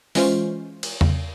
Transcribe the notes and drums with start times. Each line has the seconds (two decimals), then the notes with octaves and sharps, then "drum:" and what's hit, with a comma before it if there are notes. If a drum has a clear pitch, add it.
0.15 E3 G#3 C#4 F4 C5, drum: open hi-hat
0.83 drum: cymbal
1.01 drum: tom